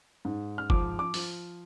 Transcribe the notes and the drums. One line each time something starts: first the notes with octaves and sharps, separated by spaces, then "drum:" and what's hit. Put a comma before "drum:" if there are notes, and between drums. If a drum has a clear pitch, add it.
G#2
F6
F3 D6, drum: kick G1
D6
F3, drum: open hi-hat